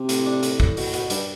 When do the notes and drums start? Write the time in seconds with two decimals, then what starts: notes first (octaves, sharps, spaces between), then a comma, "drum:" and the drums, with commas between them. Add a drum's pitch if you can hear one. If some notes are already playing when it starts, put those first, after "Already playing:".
Already playing: C3
0.09 A2, drum: hi-hat
0.26 D4
0.43 A2, drum: hi-hat
0.60 A2, drum: kick
0.77 B2, drum: open hi-hat
0.93 B2, drum: hi-hat
1.10 G2 G3, drum: hi-hat